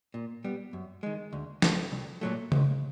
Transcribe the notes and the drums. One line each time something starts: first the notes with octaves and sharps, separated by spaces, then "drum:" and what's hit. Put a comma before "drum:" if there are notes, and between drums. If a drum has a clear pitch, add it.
A#2
G3 B3
F#2
D#3 G#3
D2
D3 F3 A3, drum: snare
C2
A#2 F#3 A3
C#2, drum: tom C#3